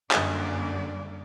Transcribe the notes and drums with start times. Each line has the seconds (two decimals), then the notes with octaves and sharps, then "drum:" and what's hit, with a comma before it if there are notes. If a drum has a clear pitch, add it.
0.11 F#2 D3 G3 A#3 D5, drum: clap